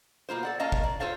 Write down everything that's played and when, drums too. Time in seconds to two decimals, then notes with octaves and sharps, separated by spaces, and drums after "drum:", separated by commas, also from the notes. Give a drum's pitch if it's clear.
0.29 B2 A#3 F4 C5
0.43 A4 D5 F#5
0.60 A#3 C#4 D#5 F5 A5 A#5
0.72 drum: kick
0.84 D5
1.00 F4 A4 C5 C#5 F5